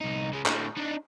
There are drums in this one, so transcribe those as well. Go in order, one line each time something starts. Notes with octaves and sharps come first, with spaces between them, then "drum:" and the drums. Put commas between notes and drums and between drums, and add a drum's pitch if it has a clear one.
C2 D#4
C#3 G#3
A2 D3, drum: clap
D4 D#4